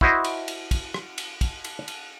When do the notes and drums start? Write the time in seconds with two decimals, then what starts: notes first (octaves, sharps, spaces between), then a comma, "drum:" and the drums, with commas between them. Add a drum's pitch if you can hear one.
0.01 E4 F#4 C5 D#5, drum: kick
0.24 drum: cymbal
0.48 drum: cymbal
0.71 drum: kick, cymbal
0.94 drum: rim click
1.18 drum: cymbal
1.41 drum: kick, cymbal
1.64 drum: cymbal
1.88 drum: cymbal